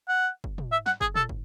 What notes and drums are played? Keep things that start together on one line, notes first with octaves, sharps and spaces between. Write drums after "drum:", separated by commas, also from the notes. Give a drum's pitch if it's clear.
F#5
drum: kick
drum: tom
E5
F#5, drum: snare
G#4, drum: kick
A4, drum: tom
drum: kick